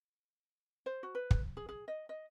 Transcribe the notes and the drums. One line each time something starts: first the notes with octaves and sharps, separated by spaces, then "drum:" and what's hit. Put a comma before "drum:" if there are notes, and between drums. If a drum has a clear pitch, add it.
C5
F#4
B4
drum: kick
G#4
G#4
D#5
D#5